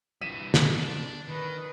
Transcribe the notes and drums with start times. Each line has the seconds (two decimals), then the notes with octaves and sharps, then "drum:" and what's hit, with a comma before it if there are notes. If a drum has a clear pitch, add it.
0.21 G2 E3 B6 D#7 E7
0.54 drum: snare
0.75 D4
1.28 D#3 B4